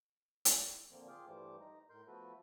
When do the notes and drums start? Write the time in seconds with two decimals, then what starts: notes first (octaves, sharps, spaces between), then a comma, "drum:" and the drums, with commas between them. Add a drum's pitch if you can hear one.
0.45 drum: hi-hat
0.91 A#2 D3 F3 A#3 C4
1.08 F4 G#4 G5 D6 F6
1.27 G2 E3 G3 A3 C5 D6
1.61 D#4 A#5
1.90 A2 A#4 C6 G6
2.08 F3 A3 B3 F#4 A4 B4